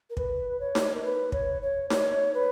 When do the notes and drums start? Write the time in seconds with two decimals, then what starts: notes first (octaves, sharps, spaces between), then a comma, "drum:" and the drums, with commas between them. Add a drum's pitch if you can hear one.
0.10 A#4
0.17 B4, drum: kick
0.60 C#5
0.75 drum: snare D#4
0.95 A#4
1.03 B4
1.32 C#5, drum: kick
1.62 C#5
1.90 C#5, drum: snare D#4
2.34 B4